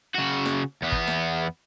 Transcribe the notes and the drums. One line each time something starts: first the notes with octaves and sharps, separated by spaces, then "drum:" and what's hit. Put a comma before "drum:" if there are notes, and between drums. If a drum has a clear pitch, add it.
C#3 F#4
drum: snare
E2 B3
drum: kick
drum: snare